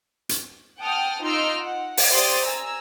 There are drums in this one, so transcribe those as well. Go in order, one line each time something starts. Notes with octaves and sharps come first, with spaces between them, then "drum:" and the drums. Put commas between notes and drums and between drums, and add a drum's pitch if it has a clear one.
drum: hi-hat
F#5 G5 A5 D#6 F6
D#4 F4 C6 E6 F6 D7
F#5
drum: open hi-hat
G4 C5 D5 C6 D#6 A6
G#5 A#5 E6